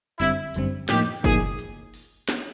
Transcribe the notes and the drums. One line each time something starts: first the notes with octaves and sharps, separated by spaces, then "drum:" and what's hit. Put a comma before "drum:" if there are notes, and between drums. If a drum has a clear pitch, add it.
G1 F#2 D3 G3 C4 E4, drum: hi-hat
G1 F#2 D3 G3 C4, drum: hi-hat
A2 F3 A#3 D#4 G4, drum: snare
A2 F3 A#3 D#4 G#4, drum: kick F#1, hi-hat
drum: hi-hat
drum: open hi-hat
drum: snare